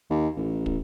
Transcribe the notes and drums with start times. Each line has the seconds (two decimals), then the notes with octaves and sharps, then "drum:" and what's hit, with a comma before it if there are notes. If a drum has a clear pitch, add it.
0.10 D#2
0.37 A1
0.66 A1, drum: kick